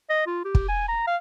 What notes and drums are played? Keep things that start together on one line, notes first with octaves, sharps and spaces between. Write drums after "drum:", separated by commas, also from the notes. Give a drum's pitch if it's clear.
D#5
F4
G4
drum: kick
G#5
A#5
F5